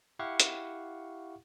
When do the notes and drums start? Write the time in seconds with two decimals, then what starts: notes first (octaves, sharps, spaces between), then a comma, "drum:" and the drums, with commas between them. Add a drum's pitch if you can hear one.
0.19 E4 G4 F5 F#5 C#6
0.40 drum: hi-hat